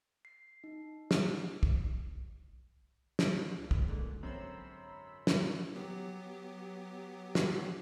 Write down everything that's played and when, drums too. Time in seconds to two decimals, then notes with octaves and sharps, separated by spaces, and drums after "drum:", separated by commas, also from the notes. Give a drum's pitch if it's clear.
0.25 C7
0.64 D#4
1.11 drum: snare
1.63 drum: kick
3.19 drum: snare
3.58 C#2 A#2
3.71 drum: kick
3.88 G#2 D3 F#4
4.23 F#2 C4 B5 C6 E6
5.27 drum: snare
5.75 F#3 B3 G4
7.35 drum: snare